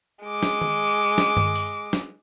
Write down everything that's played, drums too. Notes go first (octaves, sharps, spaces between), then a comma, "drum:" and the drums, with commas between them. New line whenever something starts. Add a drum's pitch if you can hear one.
G#3 D6
drum: snare
drum: tom D#3
drum: snare
drum: tom G2
drum: open hi-hat
drum: snare